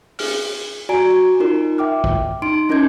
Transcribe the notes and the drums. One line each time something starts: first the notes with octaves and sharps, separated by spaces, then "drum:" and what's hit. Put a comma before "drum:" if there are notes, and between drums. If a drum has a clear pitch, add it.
G#4 F6, drum: open hi-hat
F#4 D5 G#5 A#5 D7
D#4 F4 A#4
E5 G5 D6 F6
drum: kick
D#4 C6 D7
C#4 E4 A#4 D#5 G6 G#6